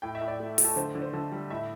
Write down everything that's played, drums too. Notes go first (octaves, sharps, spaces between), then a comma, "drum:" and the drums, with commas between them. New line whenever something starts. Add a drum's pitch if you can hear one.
A2 G5
E5
A2
D5
A3
A3, drum: open hi-hat
A4
D3 C5
D3
C5
D3 A4
G3
A2 E5